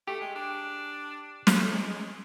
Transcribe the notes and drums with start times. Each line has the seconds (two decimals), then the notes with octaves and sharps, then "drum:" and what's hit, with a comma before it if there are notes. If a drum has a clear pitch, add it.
0.07 A3 G4
0.21 G#3
0.35 D4
1.47 drum: snare
1.59 A3
1.73 G#3